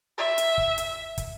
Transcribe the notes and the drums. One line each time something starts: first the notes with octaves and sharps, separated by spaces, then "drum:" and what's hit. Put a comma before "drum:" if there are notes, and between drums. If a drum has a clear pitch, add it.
E5
drum: hi-hat
drum: kick
drum: hi-hat
drum: kick, hi-hat